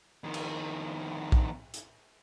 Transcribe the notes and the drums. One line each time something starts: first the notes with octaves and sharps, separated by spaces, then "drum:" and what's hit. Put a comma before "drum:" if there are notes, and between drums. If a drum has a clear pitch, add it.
F2 D#3
drum: cymbal
drum: kick A#1
drum: hi-hat